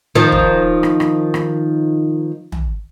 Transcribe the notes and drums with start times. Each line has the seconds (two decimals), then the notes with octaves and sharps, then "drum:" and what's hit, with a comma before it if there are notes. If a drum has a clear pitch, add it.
0.15 D#3 F3
0.32 drum: kick
0.83 drum: rim click
1.00 drum: rim click
1.34 drum: rim click
2.52 drum: tom